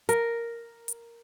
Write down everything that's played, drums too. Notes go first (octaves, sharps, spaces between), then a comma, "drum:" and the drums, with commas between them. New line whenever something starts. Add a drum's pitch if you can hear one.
A#4, drum: hi-hat
drum: hi-hat